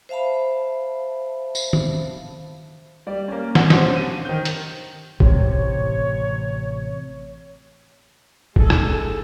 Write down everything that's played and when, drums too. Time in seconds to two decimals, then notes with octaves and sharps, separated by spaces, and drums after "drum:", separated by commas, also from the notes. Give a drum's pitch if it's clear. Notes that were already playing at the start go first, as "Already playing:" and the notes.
0.09 C5 E5 F5 A5 B5
1.55 drum: tambourine
1.73 drum: tom D#3
3.07 G3 D5
3.28 A#3 C#4
3.55 F#5 G#5 A5, drum: snare
3.70 D3 C#4 F4 G4 C5, drum: snare
3.95 D#7
4.25 D#3 C5 G6
4.45 drum: hi-hat
5.20 A1 C3 C#5, drum: kick F#1
8.56 G#3 G#4 A4, drum: kick F#1
8.70 drum: rim click